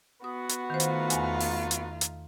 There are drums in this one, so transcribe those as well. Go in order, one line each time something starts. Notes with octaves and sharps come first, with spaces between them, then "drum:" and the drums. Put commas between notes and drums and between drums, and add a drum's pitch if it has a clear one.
B3 F#4 D#6
drum: hi-hat
D#3 A3 D#4 F4 C5
drum: hi-hat
E2 G#5, drum: hi-hat
drum: open hi-hat
drum: hi-hat
drum: hi-hat